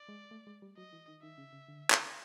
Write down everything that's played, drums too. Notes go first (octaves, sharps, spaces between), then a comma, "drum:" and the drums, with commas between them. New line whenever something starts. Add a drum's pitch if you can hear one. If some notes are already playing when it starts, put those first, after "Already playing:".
Already playing: D5
G#3
A3
G#3
G3
F#3 D#5
E3
D#3
D#3 E5
C#3
C#3
D3
drum: clap